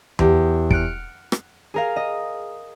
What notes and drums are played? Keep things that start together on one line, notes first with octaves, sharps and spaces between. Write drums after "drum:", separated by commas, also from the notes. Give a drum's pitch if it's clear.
E2 G4, drum: tom E2
F6 F#6 C#7 D7, drum: kick
drum: rim click
G#4 A#4 F5
D#5